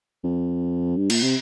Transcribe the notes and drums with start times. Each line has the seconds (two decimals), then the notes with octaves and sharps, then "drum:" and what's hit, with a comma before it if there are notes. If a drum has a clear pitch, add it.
0.24 F2
0.97 G2
1.10 A#2, drum: cymbal
1.22 C3